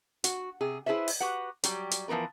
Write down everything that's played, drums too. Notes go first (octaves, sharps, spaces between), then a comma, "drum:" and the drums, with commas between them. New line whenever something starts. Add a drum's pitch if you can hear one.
F#4, drum: hi-hat
C3 G#4
E4 G#4 B4 C5 E5
drum: open hi-hat
F#4 G4 B4 F#5
F#3 G3 G4, drum: hi-hat
drum: hi-hat
E3 F3 B3 A#4 B4